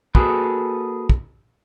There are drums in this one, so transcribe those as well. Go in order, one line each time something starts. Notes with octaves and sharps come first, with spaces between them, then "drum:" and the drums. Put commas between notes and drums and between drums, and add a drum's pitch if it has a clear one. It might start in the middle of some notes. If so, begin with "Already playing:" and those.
A#3 F#4 G#4 A4 B4, drum: kick
drum: kick